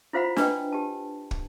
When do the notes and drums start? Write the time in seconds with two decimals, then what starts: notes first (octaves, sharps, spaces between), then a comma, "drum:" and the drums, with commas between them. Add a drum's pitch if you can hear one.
0.13 E4 F4 C5 F5 F#5 B5
0.36 D4 B4 D#5 G5, drum: snare
0.72 G4 A5
1.31 drum: kick